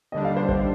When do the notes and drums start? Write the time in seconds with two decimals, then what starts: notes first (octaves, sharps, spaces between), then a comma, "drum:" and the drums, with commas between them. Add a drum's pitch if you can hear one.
0.12 D#2 D3 G3 D4 D#5
0.24 F5
0.37 C5
0.49 C5, drum: kick A1